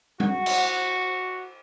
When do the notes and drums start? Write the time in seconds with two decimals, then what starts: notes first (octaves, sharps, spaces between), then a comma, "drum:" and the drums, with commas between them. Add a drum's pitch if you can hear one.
0.20 F#4 F#5, drum: tom G3
0.46 drum: cymbal